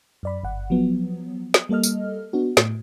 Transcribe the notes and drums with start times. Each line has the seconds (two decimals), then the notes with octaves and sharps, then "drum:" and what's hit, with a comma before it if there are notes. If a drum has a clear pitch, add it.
0.23 F#2 D5 B5
0.43 G1 F#5
0.70 F3 F#3 B3
1.54 drum: snare
1.69 G3 A#3 A4 D#5 F6
1.83 drum: tambourine
2.33 B3 D4 F#4
2.57 A2, drum: snare